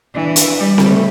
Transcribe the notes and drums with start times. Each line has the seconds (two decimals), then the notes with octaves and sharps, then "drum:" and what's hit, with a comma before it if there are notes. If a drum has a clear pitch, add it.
0.14 E3 D4
0.36 drum: hi-hat
0.57 G3
0.78 drum: snare C4
0.90 A3